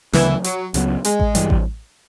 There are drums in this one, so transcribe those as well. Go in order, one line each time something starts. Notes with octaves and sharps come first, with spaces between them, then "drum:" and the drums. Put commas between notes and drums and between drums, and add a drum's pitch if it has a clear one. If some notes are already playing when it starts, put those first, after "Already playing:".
D2 C#3 E3 F#3 B3, drum: snare
F#3, drum: hi-hat
C#2 C#3 F#3 B3, drum: hi-hat
G#3, drum: hi-hat
drum: kick A1
G2 E3 G3, drum: hi-hat
drum: kick A1